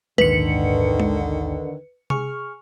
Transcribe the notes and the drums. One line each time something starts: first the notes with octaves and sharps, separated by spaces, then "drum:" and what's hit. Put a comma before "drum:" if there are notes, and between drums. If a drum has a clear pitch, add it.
A#1 D#2 G#2 D3 D#3 B4 C#7, drum: tom G#3
drum: tom G#3
G#4 C#6 F6, drum: tom C3